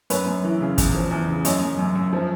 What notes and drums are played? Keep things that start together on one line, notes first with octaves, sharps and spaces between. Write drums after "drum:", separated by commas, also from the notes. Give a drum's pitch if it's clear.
F#2 B4 C#5, drum: hi-hat
F#2
E3
C#3
E2, drum: kick, hi-hat
F3
E2
C#3
F#2 C#5 D#5, drum: hi-hat
F#2
F#2
F#2
F3